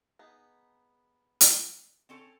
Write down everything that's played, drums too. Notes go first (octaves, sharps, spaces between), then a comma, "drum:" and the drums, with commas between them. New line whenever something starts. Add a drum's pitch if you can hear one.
B3 D#4 G#4
drum: hi-hat
C4 C#4 A4